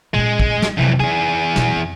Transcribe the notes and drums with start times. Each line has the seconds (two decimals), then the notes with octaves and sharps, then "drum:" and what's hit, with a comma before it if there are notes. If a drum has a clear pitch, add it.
0.14 A#2 G#3 C#4
0.40 drum: kick
0.62 drum: snare
0.78 F2 C3 E3 F#3
1.00 E3 D#4 G#4
1.56 B2 G3, drum: snare
1.76 F2